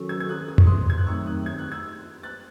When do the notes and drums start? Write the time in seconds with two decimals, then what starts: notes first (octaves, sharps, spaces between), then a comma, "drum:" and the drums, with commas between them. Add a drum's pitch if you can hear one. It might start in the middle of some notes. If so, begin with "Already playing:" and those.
Already playing: D#3 F#3 C#4 F#4 A4
0.09 E6 G#6
0.20 G#6
0.29 D#6 F#6
0.49 D#6
0.58 C#6, drum: tom F2
0.67 C6 D#6
0.90 G#6
0.98 F#6
1.07 D#3 F#3 A3 C4 D#4 C#6 E6
1.26 D#6 F#6
1.46 G#6
1.59 F#6
1.72 E6 G#6
2.23 F#6 A6